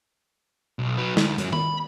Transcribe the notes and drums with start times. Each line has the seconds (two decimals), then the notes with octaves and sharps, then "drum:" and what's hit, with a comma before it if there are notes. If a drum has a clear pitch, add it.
0.79 B1
0.98 F#3 B4
1.17 D2, drum: snare
1.38 F#2 F#3, drum: hi-hat
1.53 B5, drum: tom D#3